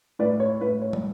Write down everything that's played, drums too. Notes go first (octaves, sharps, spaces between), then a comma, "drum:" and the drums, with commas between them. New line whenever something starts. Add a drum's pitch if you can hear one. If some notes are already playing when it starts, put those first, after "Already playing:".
A2 B4 D5
C#5
A2 B4
C#5
drum: tom